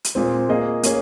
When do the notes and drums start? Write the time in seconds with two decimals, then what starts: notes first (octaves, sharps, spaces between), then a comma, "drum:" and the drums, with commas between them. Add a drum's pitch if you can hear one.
0.04 drum: hi-hat
0.15 A#2 G#3 C4
0.49 A#3 F4 G#4 D#5
0.83 A#3 C#4 G#4, drum: hi-hat